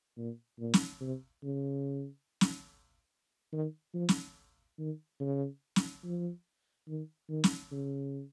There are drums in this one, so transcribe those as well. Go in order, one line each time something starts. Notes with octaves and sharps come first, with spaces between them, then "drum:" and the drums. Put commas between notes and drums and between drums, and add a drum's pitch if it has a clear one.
A#2
A#2
drum: snare
C3
C#3
drum: snare
D#3
F3
drum: snare
D#3
C#3
drum: snare
F3
D#3
D#3
drum: snare
C#3